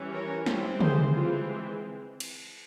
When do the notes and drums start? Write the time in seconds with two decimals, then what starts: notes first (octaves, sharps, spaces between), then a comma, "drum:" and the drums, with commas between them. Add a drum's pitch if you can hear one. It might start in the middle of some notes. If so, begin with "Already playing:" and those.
Already playing: E3 G3 C#4
0.12 A#4 C#5
0.46 E3 G3 C4, drum: snare
0.81 G#4 C5, drum: tom
1.15 E3 G#3 C4 F4
2.20 drum: cymbal